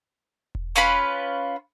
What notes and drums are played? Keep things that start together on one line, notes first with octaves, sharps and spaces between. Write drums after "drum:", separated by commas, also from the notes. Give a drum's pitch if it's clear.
drum: kick E1
C#4 F4 B4 B5